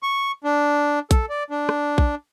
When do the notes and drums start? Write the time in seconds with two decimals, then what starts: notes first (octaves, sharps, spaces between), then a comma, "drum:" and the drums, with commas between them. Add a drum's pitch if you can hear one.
0.03 C#6
0.44 D4
1.11 A4, drum: kick A#1, hi-hat
1.29 D5
1.50 D4
1.69 drum: rim click
1.98 drum: kick A#1